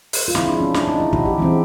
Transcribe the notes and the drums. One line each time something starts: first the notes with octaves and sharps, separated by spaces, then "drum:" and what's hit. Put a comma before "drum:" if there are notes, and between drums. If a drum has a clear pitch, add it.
drum: open hi-hat
F4
F3 G#3 C4 E4, drum: snare
D4
C#4
D4, drum: snare
D#4
E4
F#4, drum: kick
G4
E3 G#3 C4